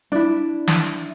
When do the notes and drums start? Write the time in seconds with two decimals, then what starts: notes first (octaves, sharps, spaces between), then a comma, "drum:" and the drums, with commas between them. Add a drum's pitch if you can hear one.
0.12 D4 E4
0.68 drum: snare